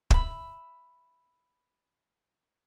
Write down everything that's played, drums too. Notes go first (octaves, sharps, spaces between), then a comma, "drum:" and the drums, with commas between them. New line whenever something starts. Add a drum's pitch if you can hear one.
E5 B5, drum: kick